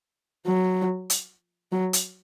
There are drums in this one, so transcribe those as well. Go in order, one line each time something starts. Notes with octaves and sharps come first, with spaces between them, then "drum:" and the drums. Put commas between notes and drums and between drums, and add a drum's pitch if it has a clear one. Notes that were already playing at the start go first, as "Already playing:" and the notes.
F#3
drum: hi-hat
F#3
drum: hi-hat